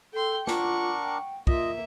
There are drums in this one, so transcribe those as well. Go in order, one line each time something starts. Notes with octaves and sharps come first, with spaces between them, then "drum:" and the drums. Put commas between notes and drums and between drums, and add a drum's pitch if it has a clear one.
A4 G5 C6
D4 F4 A#4 F#5 C#6 D6, drum: snare
G5
A#3 F4 D#5 E5, drum: kick